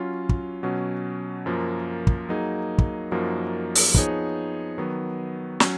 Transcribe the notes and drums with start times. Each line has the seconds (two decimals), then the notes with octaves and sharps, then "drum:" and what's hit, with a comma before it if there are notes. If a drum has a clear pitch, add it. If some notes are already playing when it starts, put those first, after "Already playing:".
Already playing: F#3 C#4 F4
0.29 drum: kick
0.63 B2 F#3 C#4
1.46 F#2 F3 A#3
2.07 drum: kick
2.29 F#3 A#3 D#4 G#4
2.78 drum: kick
3.11 F#2 F3 A#3 D#4 F#4
3.76 drum: open hi-hat
3.94 F3 B3 D#4 G#4 C#5, drum: kick
4.78 D#3 F#3 B3
5.60 F#3 C#4, drum: snare